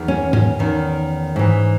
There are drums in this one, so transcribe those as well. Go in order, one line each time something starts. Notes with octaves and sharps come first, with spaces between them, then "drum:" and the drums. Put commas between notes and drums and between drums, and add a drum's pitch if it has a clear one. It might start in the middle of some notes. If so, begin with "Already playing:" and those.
Already playing: E2 D#3
C#4
C#4, drum: tom G#2
E2 D#3
G#2 E3